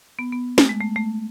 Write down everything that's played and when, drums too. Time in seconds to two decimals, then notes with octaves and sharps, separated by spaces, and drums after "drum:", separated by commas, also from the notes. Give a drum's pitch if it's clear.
0.19 B3
0.32 B3
0.58 A3, drum: snare
0.69 G#3
0.81 A3
0.96 A3